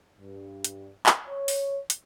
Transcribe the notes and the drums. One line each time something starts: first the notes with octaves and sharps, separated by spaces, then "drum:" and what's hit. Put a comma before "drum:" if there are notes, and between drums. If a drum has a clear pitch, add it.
G2
drum: hi-hat
drum: clap
C#5
drum: open hi-hat
drum: hi-hat